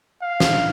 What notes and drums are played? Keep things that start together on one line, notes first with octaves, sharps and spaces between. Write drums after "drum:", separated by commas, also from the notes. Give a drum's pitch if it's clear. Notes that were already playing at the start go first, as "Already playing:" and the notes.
F5
drum: snare